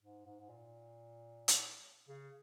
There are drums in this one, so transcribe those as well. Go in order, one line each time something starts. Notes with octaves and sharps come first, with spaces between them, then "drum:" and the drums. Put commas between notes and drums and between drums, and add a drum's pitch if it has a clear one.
G#2
G#2
G#2
A#2
drum: hi-hat
C#3